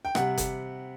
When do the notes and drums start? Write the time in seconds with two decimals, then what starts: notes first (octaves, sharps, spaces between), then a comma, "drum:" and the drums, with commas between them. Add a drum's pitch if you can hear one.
0.05 G5
0.15 C3 G3 F#5, drum: rim click
0.37 drum: kick F#1, hi-hat